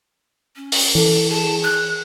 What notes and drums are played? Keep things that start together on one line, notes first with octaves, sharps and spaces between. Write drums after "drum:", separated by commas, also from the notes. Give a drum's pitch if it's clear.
C#4
drum: open hi-hat
E3 A4
G#4 A5
F#6